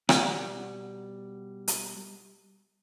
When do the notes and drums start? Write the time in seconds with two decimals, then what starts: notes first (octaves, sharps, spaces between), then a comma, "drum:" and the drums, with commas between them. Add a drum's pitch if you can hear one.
0.09 B2 G3 F#5, drum: rim click
1.68 drum: hi-hat